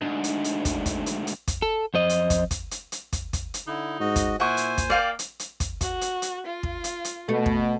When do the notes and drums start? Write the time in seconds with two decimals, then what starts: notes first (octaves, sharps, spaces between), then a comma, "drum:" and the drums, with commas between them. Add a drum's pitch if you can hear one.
0.02 D2 G#2 D4
0.24 drum: hi-hat
0.44 drum: hi-hat
0.65 drum: kick, hi-hat
0.86 drum: kick, hi-hat
1.06 drum: hi-hat
1.27 drum: hi-hat
1.48 drum: kick, hi-hat
1.62 A4
1.94 F2 C5 D#5
2.09 drum: hi-hat
2.30 drum: kick, hi-hat
2.51 drum: kick, hi-hat
2.71 drum: hi-hat
2.92 drum: hi-hat
3.13 drum: kick, hi-hat
3.33 drum: kick, hi-hat
3.54 drum: hi-hat
3.67 D3 D#4 E4
4.00 G#2 F#4 D#5
4.16 drum: kick, hi-hat
4.40 A#2 E4 C5 F#5 G#5 C#6
4.57 drum: hi-hat
4.78 drum: kick, hi-hat
4.90 A#3 D5 F5 G5
5.19 drum: hi-hat
5.39 drum: hi-hat
5.60 drum: kick, hi-hat
5.81 F#4, drum: kick, hi-hat
6.01 drum: hi-hat
6.22 drum: hi-hat
6.46 F4
6.63 drum: kick
6.84 drum: hi-hat
7.05 drum: hi-hat
7.29 B2 A3
7.46 drum: kick